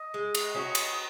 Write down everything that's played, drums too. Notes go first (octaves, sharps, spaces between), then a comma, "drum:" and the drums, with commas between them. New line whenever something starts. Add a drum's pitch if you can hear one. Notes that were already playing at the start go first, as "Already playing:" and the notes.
Already playing: D#5
G#3
drum: cymbal
C#4 F#4
drum: cymbal